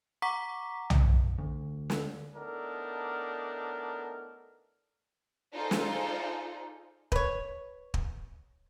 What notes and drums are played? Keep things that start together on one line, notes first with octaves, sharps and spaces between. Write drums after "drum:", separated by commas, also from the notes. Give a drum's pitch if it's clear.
F#5 A#5 C#6 D6 B6
drum: tom
D2
drum: snare
A2 B3 D4 D#4 A4 A#4
D#4 F4 G#4 A4 C5 D5
drum: snare
B4 C#5, drum: kick
drum: kick